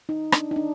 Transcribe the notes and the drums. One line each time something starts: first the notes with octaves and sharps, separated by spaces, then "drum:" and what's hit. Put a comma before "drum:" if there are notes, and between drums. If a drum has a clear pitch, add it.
D#4
D4, drum: rim click
D#4
D4